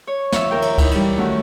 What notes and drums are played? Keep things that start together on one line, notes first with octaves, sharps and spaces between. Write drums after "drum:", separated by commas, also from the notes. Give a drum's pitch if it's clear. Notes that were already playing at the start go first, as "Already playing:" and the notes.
C#5
F4 C#5 E5, drum: snare
D#2 A#4 G5
drum: cymbal
D#4 E4, drum: kick C#2, cymbal
E3 G3, drum: cymbal
D#3 A3 C#4 F#4